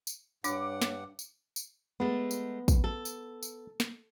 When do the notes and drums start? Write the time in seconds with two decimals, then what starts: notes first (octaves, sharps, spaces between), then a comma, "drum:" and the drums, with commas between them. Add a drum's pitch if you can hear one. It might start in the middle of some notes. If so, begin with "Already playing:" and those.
0.07 drum: tambourine
0.44 G2 D4 C#5 F#5 D6, drum: tambourine
0.82 drum: snare
1.19 drum: tambourine
1.56 drum: tambourine
2.00 G#3 A3 B3
2.31 drum: tambourine
2.68 drum: kick, tambourine
2.84 A4
3.05 drum: tambourine
3.43 drum: tambourine
3.80 drum: snare